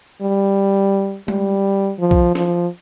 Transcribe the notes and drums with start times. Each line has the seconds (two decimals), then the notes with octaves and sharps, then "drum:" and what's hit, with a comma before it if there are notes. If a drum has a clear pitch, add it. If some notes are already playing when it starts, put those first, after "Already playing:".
0.22 G3
1.28 G3, drum: tom G#3
1.99 F3
2.11 drum: kick B1
2.35 F3, drum: snare